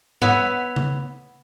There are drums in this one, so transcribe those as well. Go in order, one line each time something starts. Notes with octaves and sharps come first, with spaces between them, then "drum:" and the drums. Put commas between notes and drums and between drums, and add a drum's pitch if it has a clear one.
B3 C#5 E5, drum: tom G#2
drum: tom C#3